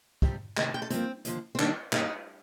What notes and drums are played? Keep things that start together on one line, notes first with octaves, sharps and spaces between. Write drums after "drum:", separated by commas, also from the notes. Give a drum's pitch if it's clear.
F2 C3 G3, drum: kick
D2 C3 D#3 D#5, drum: clap
G5
A4
G2 F3 A#3 C4, drum: hi-hat
D#2 D3 F3, drum: hi-hat
C4
D#2 D#3 G3 A#3 D4, drum: clap
G2 D#3 G3 A#3 D#4, drum: clap